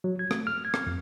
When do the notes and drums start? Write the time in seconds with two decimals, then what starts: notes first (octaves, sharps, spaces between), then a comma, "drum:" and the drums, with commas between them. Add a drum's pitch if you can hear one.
0.04 F#3
0.19 G#6
0.31 A3, drum: rim click
0.47 F6
0.65 G#6
0.74 drum: rim click
0.87 F2